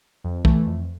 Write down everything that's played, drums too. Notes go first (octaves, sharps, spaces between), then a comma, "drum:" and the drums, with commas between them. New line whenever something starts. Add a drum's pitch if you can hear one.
F2
E3 A3, drum: kick
F2